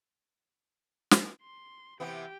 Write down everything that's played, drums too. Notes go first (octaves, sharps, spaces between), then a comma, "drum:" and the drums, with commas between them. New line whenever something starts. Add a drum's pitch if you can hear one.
drum: snare
C6
C3 E3 B3 G4 G5